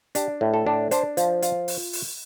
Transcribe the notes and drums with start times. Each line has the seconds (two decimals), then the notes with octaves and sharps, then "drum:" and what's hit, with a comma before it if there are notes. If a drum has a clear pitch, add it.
0.15 D4 G4, drum: hi-hat
0.41 A2
0.54 A4
0.67 D4
0.91 D4 C5, drum: hi-hat
1.17 F3, drum: hi-hat
1.42 F4, drum: hi-hat
1.68 drum: open hi-hat
1.93 drum: open hi-hat